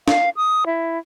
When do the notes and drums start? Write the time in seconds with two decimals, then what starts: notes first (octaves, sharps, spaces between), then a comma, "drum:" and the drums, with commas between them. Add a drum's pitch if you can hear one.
0.08 F5, drum: snare
0.37 D#6
0.66 E4